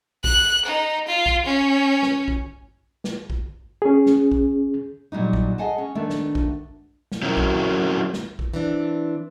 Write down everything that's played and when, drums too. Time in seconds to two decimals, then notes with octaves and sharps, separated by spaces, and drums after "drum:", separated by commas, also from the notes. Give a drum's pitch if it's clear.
0.24 F#6, drum: kick A#1
0.65 D#4
1.08 F4
1.26 drum: kick A#1
1.46 C#4
2.02 drum: snare
2.28 drum: kick A#1
3.04 drum: snare
3.30 drum: kick A#1
3.82 C#4 G#4
4.06 drum: snare
4.32 drum: kick A#1
5.12 A#2 F#3 G3 D#4
5.33 drum: kick A#1
5.58 G#4 D#5 F#5 G#5 A5
5.78 C#4
5.95 D#3 A3 B3 D4
6.10 drum: snare
6.35 drum: kick A#1
7.12 drum: snare
7.22 F#3 C4 C#4 E4 F#4 A#4
7.37 drum: kick A#1
8.13 drum: snare
8.39 drum: kick A#1
8.54 E3 C4 D4